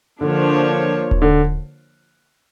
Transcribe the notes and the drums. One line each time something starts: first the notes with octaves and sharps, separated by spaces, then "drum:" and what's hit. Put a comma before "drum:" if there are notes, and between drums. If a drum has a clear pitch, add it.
D3 F3 A#3 D4 F4 C#5
drum: kick D#1
D3